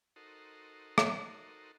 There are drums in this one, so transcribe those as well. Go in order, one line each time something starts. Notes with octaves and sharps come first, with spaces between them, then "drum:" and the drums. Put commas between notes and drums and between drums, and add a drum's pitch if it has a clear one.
D#4 F#4 A4 A#4 C5
drum: rim click